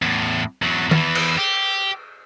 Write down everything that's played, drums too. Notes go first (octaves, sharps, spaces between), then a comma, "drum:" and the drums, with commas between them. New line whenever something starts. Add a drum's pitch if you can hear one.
E2 A2
E2 F#3
E2 E3, drum: tom
drum: cymbal
G4